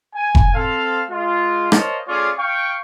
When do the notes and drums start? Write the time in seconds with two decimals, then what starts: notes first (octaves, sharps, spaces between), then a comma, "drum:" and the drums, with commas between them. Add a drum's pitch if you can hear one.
0.15 G#5
0.35 drum: kick F1
0.54 C4 A4 F5
1.10 G#3 F4
1.72 A#4 C5 C#5 D#5 F5 A5, drum: rim click
2.08 A3 C#4 F4 G#4 C#5 D5
2.38 F5 G5 C#6